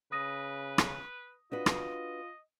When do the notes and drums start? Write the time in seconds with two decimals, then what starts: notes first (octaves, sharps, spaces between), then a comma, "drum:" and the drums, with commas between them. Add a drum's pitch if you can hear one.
0.12 C#3 B4 D#6 A#6 D#7
0.78 drum: rim click
1.52 D4 F4 F#4 B4 D#5
1.66 drum: rim click